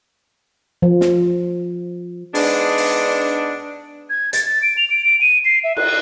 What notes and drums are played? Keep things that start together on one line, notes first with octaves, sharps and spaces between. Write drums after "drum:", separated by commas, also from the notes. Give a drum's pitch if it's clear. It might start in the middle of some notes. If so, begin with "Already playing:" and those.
F3
drum: snare
G#2 G#3 B3 D4, drum: open hi-hat
drum: open hi-hat
G#6
A6, drum: hi-hat
A6
D7
F7
D7
D7
D#7
C7
E5
F#6, drum: cymbal